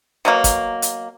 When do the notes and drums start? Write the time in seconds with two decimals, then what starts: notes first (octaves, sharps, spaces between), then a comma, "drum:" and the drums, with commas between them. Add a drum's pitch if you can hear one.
0.25 B2 F#3 A#3
0.44 drum: kick, hi-hat
0.82 drum: hi-hat